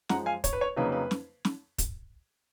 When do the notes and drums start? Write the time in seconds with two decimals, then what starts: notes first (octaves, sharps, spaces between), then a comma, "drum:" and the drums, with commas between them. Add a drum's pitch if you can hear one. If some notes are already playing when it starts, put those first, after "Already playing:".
0.09 F#2 F3 G#3 F#5 A#5, drum: snare
0.26 F5 G#5
0.44 C#5, drum: kick, hi-hat
0.53 B4
0.61 C#5
0.76 F2 C#3 F#3 A#3 D#4 B4
0.92 B4
1.11 drum: snare
1.45 drum: snare
1.78 drum: kick, hi-hat